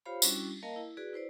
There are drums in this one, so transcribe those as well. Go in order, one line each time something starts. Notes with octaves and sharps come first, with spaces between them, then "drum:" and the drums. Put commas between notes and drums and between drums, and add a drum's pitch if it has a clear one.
F4 G4 C5 C#5 F5 B5
G3 C#4 D4 E4 F#4, drum: tambourine
A#3 A#4 D#5 F5 A5
E4
F#4 G#4 B4 D5
E4 B4 C5 D5